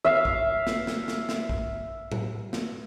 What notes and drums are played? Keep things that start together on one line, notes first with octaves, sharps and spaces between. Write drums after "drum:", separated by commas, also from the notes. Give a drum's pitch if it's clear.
E5 F5
drum: kick
drum: snare
drum: snare
drum: snare
drum: snare
drum: kick
drum: tom A2
drum: snare